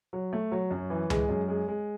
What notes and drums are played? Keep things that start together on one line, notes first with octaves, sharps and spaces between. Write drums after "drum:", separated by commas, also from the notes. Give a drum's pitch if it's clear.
F#3
A3
F#3
F#2
E3
G#3, drum: tom C#2
F#2
G#3
G#3